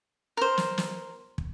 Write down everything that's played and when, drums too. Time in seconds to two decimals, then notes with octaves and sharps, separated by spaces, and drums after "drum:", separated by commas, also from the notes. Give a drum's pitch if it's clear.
0.37 A#4 C5
0.57 drum: snare
0.78 drum: snare
1.38 drum: kick